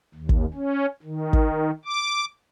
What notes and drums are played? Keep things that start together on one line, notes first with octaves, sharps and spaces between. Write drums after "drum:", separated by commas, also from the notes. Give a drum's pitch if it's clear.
D#2
drum: kick
C#4
D#3
drum: kick
D6